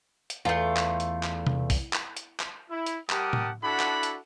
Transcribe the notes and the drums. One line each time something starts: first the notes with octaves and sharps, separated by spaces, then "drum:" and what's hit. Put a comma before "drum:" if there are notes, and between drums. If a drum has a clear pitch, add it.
drum: hi-hat
E2 A3 F4
drum: clap
drum: hi-hat
drum: clap
drum: tom C3
drum: kick, open hi-hat
drum: clap
drum: hi-hat
drum: clap
E4
drum: hi-hat
G3 G4 A#4 F#5 A5 D#6, drum: clap
drum: tom A2
D4 E4 F#4 A4 F#5 B5
drum: clap
drum: hi-hat